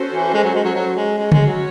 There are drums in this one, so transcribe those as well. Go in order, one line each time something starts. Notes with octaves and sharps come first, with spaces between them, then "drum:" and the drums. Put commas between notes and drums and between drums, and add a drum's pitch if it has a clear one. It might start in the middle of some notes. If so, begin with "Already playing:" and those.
Already playing: C#4 F#4 A4 C5
E3
G#3
F#3
G#3
F#3
F#3
G#3
G#3 C#4 F#4 C#5
G#3, drum: tom C#3
F#3